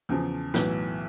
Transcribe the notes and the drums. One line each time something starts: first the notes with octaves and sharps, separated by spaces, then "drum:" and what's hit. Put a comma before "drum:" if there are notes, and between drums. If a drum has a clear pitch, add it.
E2 C#3 F3
B1 A2 E3, drum: snare